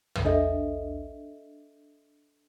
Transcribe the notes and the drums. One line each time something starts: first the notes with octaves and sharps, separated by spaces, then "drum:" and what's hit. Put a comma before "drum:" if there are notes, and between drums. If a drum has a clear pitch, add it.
drum: tom
D4 A4 D#5 E5